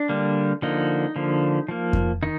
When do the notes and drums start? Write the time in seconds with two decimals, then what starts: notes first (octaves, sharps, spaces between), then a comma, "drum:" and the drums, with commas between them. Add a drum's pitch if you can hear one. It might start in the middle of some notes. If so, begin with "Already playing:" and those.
Already playing: D4
0.09 D3 G3 A#3
0.62 D3 F3 A#3 D#4
1.16 D3 F3 A#3
1.68 F3 A#3
1.93 drum: kick F2
2.23 D#3 D#4